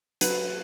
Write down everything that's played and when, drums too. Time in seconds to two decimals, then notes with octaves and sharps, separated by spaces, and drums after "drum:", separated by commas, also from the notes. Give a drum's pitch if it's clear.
0.21 F#3 B4, drum: hi-hat